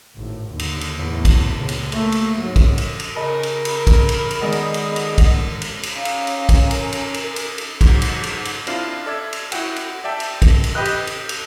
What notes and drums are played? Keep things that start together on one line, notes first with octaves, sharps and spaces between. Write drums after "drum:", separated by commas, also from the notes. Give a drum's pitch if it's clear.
G#1 A2
D#2 D3
drum: cymbal
drum: cymbal
E2 A2
drum: kick, cymbal
C#2 A#2
drum: cymbal
A3 A#3, drum: cymbal
drum: cymbal
G#2 F#3
drum: kick, cymbal
drum: cymbal
drum: cymbal
C#3 A#4 D#5 A5 B5
drum: cymbal
drum: cymbal
drum: kick, cymbal
drum: cymbal
drum: cymbal
D#3 G#3 B3 G#4 D5 D#5
drum: cymbal
drum: cymbal
drum: cymbal
drum: kick, cymbal
drum: cymbal
drum: cymbal
C#4 F5 G#5 A#5
drum: cymbal
drum: cymbal
drum: kick, cymbal
A#4, drum: cymbal
drum: cymbal
drum: cymbal
drum: cymbal
drum: cymbal
G#2 F#3, drum: kick, cymbal
drum: cymbal
drum: cymbal
drum: cymbal
C4 D4 E4 F4 F6 C7, drum: cymbal
A4 D5 E5 G#6
drum: cymbal
E4 F#4 F#5 G5, drum: cymbal
drum: cymbal
D5 E5 G5 A5
drum: cymbal
drum: kick, cymbal
drum: cymbal
G4 B4 D#5 F#6
drum: cymbal
drum: cymbal
drum: cymbal